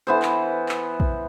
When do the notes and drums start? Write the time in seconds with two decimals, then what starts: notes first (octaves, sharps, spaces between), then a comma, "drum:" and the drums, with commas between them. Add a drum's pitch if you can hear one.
0.07 E3 B3 C5
0.22 drum: clap
0.69 drum: clap
1.00 drum: kick